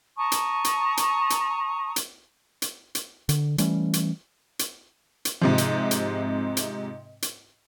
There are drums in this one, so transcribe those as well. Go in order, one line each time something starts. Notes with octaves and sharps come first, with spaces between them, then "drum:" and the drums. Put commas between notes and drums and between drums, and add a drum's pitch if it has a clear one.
A5 A#5 C#6 D#6
drum: hi-hat
drum: hi-hat
drum: hi-hat
drum: hi-hat
drum: hi-hat
drum: hi-hat
drum: hi-hat
D3, drum: hi-hat
E3 G3 A3 C#4, drum: hi-hat
drum: hi-hat
drum: hi-hat
drum: hi-hat
G#2 C3 F3
drum: hi-hat
drum: hi-hat
drum: hi-hat
drum: hi-hat